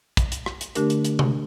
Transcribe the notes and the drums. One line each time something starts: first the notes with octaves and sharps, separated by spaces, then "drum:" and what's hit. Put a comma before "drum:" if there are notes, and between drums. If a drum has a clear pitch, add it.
drum: kick, hi-hat
drum: hi-hat
drum: rim click
drum: hi-hat
D3 A3 D4 G4 A#4, drum: hi-hat
drum: hi-hat
drum: hi-hat
drum: tom C3